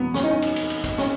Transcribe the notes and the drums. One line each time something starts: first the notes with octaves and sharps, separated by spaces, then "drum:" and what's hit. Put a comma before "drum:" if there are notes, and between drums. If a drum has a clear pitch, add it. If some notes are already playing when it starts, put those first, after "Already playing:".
Already playing: E2 C#3 F#3 B3
C#4, drum: snare
D#4
C#4
drum: cymbal
drum: cymbal
drum: cymbal
drum: kick, cymbal
C#4, drum: snare